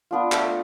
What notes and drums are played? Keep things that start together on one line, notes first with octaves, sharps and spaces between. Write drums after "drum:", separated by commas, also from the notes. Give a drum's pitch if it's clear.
B3 D4 F4
A3, drum: clap